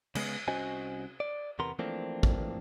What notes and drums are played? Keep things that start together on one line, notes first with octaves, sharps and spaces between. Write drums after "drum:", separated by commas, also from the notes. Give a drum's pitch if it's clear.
C#3 G#3 B3, drum: cymbal
C2 C#4 F#4 C5 D#5 G#5
D5
E2 C3 B3 A#4 C6
E3 F3 A3 A#3 C4 D4
drum: kick